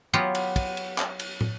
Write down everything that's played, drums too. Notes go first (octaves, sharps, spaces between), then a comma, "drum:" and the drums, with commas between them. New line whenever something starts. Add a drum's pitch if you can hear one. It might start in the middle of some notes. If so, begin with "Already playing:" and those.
F#3 B3 F4 G4
drum: cymbal
drum: kick, cymbal
drum: cymbal
drum: clap
drum: cymbal
drum: tom